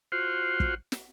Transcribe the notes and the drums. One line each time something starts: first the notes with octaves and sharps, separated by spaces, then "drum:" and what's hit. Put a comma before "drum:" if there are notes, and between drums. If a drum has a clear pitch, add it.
F4 F#4 C5
drum: kick
drum: snare